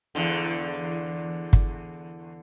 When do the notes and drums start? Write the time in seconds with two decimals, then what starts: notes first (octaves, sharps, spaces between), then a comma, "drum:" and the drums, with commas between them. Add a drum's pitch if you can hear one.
0.15 E2 D3
1.53 drum: kick